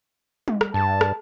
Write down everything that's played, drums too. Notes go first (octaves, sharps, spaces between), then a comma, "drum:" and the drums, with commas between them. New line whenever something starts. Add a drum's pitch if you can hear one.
drum: tom G3
drum: rim click
G2 A5
drum: rim click